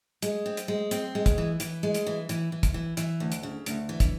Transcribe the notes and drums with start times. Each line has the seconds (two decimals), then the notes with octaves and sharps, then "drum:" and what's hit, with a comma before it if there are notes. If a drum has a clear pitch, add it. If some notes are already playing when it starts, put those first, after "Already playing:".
0.22 G#3, drum: hi-hat
0.46 C4
0.57 drum: hi-hat
0.68 G#3
0.91 C4, drum: hi-hat
1.15 G#3
1.26 drum: kick, hi-hat
1.38 E3
1.60 E3, drum: hi-hat
1.83 G#3
1.94 drum: hi-hat
2.07 E3
2.29 E3, drum: hi-hat
2.52 E3
2.63 drum: kick, hi-hat
2.74 E3
2.97 E3, drum: hi-hat
3.20 D2
3.32 drum: hi-hat
3.43 C#3
3.66 D2, drum: hi-hat
3.89 E3
4.00 drum: kick, hi-hat